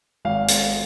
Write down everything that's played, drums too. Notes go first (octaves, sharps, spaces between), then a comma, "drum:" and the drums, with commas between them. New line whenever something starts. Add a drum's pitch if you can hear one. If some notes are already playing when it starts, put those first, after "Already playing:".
G#1 F5
drum: hi-hat